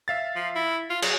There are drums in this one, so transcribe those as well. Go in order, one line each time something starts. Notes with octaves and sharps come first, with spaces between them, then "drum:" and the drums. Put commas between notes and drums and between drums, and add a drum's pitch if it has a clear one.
E5 F5 A6
F3
E4
F4
F#3 G#4, drum: cymbal